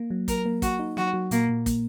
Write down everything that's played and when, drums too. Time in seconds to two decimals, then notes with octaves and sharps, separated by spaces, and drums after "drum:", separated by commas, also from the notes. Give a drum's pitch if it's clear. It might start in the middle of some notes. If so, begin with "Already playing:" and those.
Already playing: A#3
0.10 F#3
0.28 F#3 A#4, drum: kick, hi-hat
0.46 A#3
0.62 A#3 F#4, drum: kick, hi-hat
0.79 D#4
0.97 F#3 F#4, drum: snare
1.13 F#3
1.31 A#2 A#3, drum: hi-hat
1.49 A#2
1.66 A#3, drum: kick, hi-hat